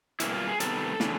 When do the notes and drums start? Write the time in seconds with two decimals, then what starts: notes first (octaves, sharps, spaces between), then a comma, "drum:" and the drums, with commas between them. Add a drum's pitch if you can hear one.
0.20 B2 G3 A#3 C#4 E4, drum: hi-hat
0.34 F4
0.47 G#4
0.60 C3 D#3 G3 B3 A4, drum: hi-hat
1.00 C#3 E3 A3 D4, drum: snare